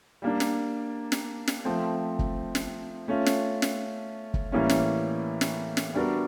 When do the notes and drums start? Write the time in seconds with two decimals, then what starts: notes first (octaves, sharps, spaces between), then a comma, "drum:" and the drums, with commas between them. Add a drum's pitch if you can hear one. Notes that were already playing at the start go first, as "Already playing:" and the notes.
0.22 G3 A#3 D4
0.40 drum: snare
1.12 drum: snare
1.48 drum: snare
1.65 F3 A3 C4
2.19 drum: kick
2.55 drum: snare
3.08 A3 C#4 F4
3.26 drum: snare
3.62 drum: snare
4.34 drum: kick
4.52 A2 E3 G3 A#3 C#4
4.69 drum: snare
5.41 drum: snare
5.77 drum: snare
5.94 G3 B3 D4 F#4 A#4